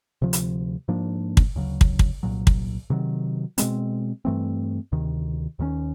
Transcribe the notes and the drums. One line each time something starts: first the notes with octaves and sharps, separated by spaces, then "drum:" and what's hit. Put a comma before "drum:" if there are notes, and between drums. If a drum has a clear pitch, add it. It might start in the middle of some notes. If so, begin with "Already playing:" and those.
D2 C3 F3
drum: hi-hat
G#2 F3 A#3 D4
drum: kick
D2 C#3 F#3
drum: kick
drum: kick
C2 A#2 F#3
drum: kick
C3 D#3 F#3
B2 G#3 C4, drum: hi-hat
G2 E3 A3 C4
D2 C3 D#3
D#2 D#3 G#3 C#4